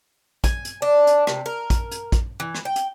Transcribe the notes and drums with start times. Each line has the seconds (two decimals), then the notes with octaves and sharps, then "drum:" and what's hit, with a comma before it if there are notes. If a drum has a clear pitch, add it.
0.44 G#5, drum: kick, hi-hat
0.65 drum: hi-hat
0.82 D4
1.07 drum: hi-hat
1.27 C3, drum: rim click
1.46 A#4
1.70 drum: kick, hi-hat
1.91 drum: hi-hat
2.12 drum: kick, hi-hat
2.40 E3
2.55 drum: rim click
2.65 G5
2.76 drum: hi-hat